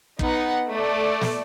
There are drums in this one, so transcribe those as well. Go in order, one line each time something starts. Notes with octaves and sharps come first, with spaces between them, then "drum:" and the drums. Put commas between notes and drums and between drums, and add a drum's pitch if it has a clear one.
B3 D#4 F#5, drum: kick
A3 D5
drum: snare